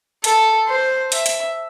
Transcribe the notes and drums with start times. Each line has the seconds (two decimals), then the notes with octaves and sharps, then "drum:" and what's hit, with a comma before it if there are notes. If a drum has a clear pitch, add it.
0.24 A4, drum: hi-hat
0.68 C5
1.12 E5, drum: hi-hat
1.26 drum: hi-hat